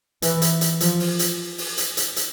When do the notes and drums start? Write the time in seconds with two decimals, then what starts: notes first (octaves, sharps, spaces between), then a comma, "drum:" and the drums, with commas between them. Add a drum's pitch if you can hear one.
0.22 E3, drum: hi-hat
0.42 drum: hi-hat
0.61 drum: hi-hat
0.80 F3, drum: hi-hat
1.00 drum: open hi-hat
1.19 drum: hi-hat
1.58 drum: open hi-hat
1.78 drum: hi-hat
1.97 drum: hi-hat
2.16 drum: hi-hat